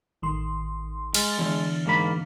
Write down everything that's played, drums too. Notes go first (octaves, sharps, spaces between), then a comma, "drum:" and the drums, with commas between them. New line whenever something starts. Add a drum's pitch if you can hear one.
A1 D#3 C6
G#3 F6 A6, drum: cymbal
E2 D3
G#2 A#3 B5